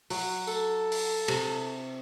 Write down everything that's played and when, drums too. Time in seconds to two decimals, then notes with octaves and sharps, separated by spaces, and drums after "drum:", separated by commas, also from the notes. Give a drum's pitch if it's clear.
0.10 F#3, drum: open hi-hat
0.47 A4, drum: tambourine
0.92 drum: open hi-hat
1.28 C3, drum: cymbal